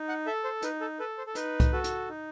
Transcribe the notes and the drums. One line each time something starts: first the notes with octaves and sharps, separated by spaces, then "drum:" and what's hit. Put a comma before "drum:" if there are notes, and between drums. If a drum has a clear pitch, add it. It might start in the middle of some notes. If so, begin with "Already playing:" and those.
Already playing: D#4
F#5
A4 E5
C5
D#4 B4, drum: hi-hat
A4
A4 B4
C5
A4
D#4 B4, drum: hi-hat
drum: kick C2, hi-hat
F#4 A4
drum: hi-hat
D#4